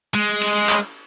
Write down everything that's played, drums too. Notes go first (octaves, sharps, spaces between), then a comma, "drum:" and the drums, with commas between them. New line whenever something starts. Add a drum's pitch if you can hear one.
G#3
drum: cymbal
drum: clap